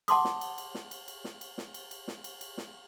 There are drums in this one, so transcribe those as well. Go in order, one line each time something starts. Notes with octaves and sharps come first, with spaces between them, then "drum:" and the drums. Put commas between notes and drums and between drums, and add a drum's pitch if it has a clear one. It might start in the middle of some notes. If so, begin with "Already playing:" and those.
F#5 A5 C6 D6 D#6, drum: cymbal
drum: snare
drum: cymbal
drum: cymbal
drum: snare
drum: cymbal
drum: cymbal
drum: snare
drum: cymbal
drum: snare
drum: cymbal
drum: cymbal
drum: snare
drum: cymbal
drum: cymbal
drum: snare